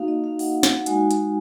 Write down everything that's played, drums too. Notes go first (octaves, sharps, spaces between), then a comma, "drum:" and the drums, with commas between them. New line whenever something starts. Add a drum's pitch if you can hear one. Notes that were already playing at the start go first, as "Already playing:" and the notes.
Already playing: A#3 D#4 F#4 F5
D#5
F5
F#5, drum: open hi-hat
F#5
F#5, drum: snare
F#5
G#3 D#4 F#4 G#5, drum: hi-hat
drum: hi-hat